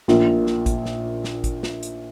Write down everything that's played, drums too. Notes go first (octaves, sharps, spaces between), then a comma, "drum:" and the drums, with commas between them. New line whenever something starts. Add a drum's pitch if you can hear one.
A#1 A#2 A#3 F4, drum: snare
drum: snare
drum: kick G#1, hi-hat
drum: snare
drum: snare
drum: kick G#1, hi-hat
drum: snare
drum: hi-hat